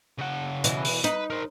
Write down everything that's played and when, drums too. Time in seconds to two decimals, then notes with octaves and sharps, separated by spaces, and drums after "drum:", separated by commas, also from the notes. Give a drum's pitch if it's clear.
0.18 C#3 F#5
0.64 B2 E3, drum: hi-hat
0.85 drum: open hi-hat
1.04 D#4 B4, drum: hi-hat
1.30 A#4 C5